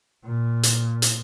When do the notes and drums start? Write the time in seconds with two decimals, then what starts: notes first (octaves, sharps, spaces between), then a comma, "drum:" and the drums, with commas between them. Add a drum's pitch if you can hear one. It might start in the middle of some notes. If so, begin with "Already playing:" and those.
0.25 A#2
0.63 drum: hi-hat
1.02 drum: hi-hat